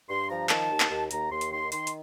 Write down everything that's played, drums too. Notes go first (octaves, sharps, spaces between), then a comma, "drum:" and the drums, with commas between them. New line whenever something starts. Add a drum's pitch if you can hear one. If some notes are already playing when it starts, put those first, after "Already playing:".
G2 C6
F3 A#5
D#3 A5, drum: clap
D#2
drum: clap
D#2
D#2 A#5, drum: hi-hat
D#2 C6
drum: hi-hat
D#3 C6
D#3 C6, drum: hi-hat
drum: hi-hat